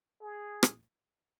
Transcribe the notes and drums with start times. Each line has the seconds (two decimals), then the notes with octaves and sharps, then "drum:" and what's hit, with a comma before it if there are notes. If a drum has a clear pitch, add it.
0.21 G#4
0.63 drum: rim click